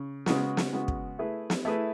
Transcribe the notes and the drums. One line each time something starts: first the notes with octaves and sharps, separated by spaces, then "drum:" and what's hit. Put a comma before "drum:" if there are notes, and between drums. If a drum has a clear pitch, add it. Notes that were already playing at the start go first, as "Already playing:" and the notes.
Already playing: C#3
C#3 G#3 B3 F#4, drum: snare
drum: snare
C#3 G#3 B3 F#4
drum: kick
A3 E4 G#4 B4
drum: snare
A3 E4 G#4 B4